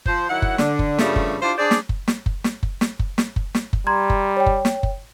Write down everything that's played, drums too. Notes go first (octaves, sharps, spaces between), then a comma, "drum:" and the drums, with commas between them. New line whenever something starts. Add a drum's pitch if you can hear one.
F3 C5, drum: kick F#1
D#3 F#3 E4 F#5
drum: kick F#1
D3, drum: snare
drum: kick F#1
G2 C#3 F3 G3 A3, drum: snare
drum: kick F#1
D4 E4 F4 G4 C5
D4 G#4 C5 D5
drum: snare
drum: kick F#1
drum: snare
drum: kick F#1
drum: snare
drum: kick F#1
drum: snare
drum: kick F#1
drum: snare
drum: kick F#1
drum: snare
drum: kick F#1
G3 A#5 C6 G#6
drum: kick F#1
C#5 G5
drum: kick F#1
drum: snare
drum: kick F#1